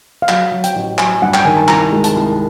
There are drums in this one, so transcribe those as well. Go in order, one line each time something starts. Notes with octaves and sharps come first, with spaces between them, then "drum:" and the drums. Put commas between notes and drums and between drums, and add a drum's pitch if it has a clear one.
F5
F#3 F#5, drum: clap
F#3
G5, drum: hi-hat
A1
F#3 G#5, drum: clap
G2 F#5
G5, drum: clap
D#3 G#5
A5
C2 A#5, drum: clap
G#3
A5, drum: hi-hat
C2